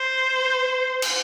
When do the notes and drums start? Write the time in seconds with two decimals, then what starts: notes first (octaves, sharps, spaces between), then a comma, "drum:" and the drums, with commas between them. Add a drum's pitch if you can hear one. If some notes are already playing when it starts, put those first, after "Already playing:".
Already playing: C5
1.02 drum: cymbal